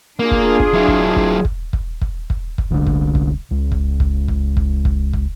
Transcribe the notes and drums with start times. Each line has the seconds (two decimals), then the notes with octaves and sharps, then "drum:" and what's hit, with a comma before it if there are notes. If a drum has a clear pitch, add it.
0.19 A#3 D4 F4 G#4
0.31 drum: kick
0.60 drum: kick
0.74 F#3 E4
0.88 drum: kick
1.16 drum: kick
1.45 drum: kick
1.73 drum: kick
2.01 drum: kick
2.30 drum: kick
2.58 drum: kick
2.71 C2 D3 E3 D4
2.87 drum: kick
3.15 drum: kick
3.51 C#2
3.72 drum: kick
4.00 drum: kick
4.28 drum: kick
4.57 drum: kick
4.85 drum: kick
5.13 drum: kick